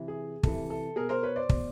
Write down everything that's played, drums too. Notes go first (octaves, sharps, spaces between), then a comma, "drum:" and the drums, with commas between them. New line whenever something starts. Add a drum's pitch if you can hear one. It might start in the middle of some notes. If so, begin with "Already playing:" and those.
Already playing: C3 E3
G#4
C3 E3 A4, drum: kick
A4
B2 G#4 A#4
A#4 C5
B4 C#5
C5 D5
B2, drum: kick